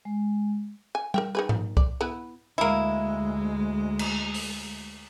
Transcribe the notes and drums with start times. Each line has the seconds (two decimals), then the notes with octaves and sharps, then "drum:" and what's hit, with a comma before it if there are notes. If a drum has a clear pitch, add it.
0.05 G#3
0.95 G#5
1.14 A#4 E5 G5, drum: tom G3
1.35 D#3 G#4 B4
1.49 D#3, drum: tom G#2
1.77 D5, drum: kick C2
2.01 B3 E4 B4
2.58 D2 G#3 A#3 E4
3.99 drum: cymbal
4.34 drum: open hi-hat